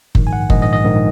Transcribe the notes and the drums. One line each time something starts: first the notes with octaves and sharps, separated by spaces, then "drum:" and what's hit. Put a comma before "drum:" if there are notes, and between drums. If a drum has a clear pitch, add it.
A#1 G#2 D#3, drum: kick F#1
G#5
F#5
A#1 G#2 D#3 D#5, drum: kick F#1
D#5
D#5
A#1 G#2 D#3